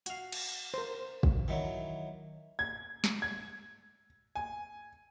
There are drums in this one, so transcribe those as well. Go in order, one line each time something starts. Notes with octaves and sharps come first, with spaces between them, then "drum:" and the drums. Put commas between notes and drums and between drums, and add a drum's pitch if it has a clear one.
F#4 F5, drum: hi-hat
drum: cymbal
A#4 C5
drum: kick
D#3 E3 F#3
G#6
drum: snare
G#6
G#5